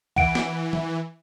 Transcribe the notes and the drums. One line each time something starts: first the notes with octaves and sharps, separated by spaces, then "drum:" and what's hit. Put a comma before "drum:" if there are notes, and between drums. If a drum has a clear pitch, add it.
E3 F#5 D7, drum: kick C2
drum: snare
drum: tom E3